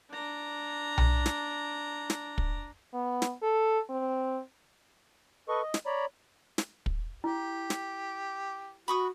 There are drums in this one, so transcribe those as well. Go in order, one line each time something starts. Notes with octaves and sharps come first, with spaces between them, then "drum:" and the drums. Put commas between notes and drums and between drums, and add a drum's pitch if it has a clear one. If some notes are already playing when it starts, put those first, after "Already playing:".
D4 A#5
drum: tom B1
drum: snare
drum: snare
drum: kick
B3
drum: snare
A4
C4
A4 B4 D#5 C#6
D#5
drum: snare
C#5 D5 A#5 B5
drum: snare
drum: kick
E4 G4
drum: snare
F#4 B5 C#6 D#6